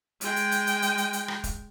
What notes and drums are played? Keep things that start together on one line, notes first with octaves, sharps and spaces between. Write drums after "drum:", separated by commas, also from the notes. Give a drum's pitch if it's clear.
G#3 G5, drum: hi-hat
drum: hi-hat
drum: hi-hat
drum: hi-hat
drum: hi-hat
drum: hi-hat
drum: hi-hat
drum: rim click
drum: kick, hi-hat